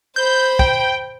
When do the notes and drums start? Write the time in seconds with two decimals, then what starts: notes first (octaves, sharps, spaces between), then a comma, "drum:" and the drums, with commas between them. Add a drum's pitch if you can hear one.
0.16 C5 B5 G6
0.59 G5, drum: kick